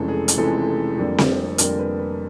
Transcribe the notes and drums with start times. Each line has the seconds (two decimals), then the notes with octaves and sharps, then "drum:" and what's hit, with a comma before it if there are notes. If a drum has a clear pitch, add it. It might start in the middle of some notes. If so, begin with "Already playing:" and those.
Already playing: F1 F2 C#3 E3 G#3 A4
0.08 G#4
0.28 drum: hi-hat
0.37 F1 F2 C#3 E3 G#3 A4
0.98 F2 D3 G3 A#3
1.18 drum: snare C4
1.58 F2 D3 G3 A#3 A#4, drum: hi-hat
1.79 B4
1.99 B4